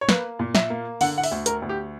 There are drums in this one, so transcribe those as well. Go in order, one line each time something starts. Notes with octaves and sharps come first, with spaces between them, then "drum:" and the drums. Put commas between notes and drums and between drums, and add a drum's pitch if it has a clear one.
C#5
A#3 B4, drum: snare
A#2
E5, drum: snare
A#3
D3 F#5, drum: open hi-hat
F#5
E5, drum: open hi-hat
D2
A#4, drum: hi-hat
D2
G4